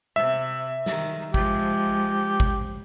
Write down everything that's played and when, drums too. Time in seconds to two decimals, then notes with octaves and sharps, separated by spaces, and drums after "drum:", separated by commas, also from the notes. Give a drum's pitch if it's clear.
0.16 C3 E5
0.86 D#3, drum: snare
1.34 F3 G#3 G4, drum: kick G#1
2.40 drum: kick G#1